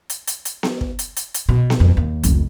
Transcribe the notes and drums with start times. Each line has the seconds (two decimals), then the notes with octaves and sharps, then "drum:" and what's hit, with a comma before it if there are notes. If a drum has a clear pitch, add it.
0.10 drum: hi-hat
0.27 drum: hi-hat
0.45 drum: hi-hat
0.63 drum: snare B3
0.81 drum: kick
0.99 drum: hi-hat
1.16 drum: hi-hat
1.34 drum: hi-hat
1.49 B2
1.70 drum: snare B3
1.80 F2
1.97 D#2
2.23 F1 C#2, drum: hi-hat